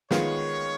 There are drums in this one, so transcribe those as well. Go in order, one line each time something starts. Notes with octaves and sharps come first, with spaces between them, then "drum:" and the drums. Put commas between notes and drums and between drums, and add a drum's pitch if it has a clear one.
D#3 G#3 B3 F4 C#5, drum: snare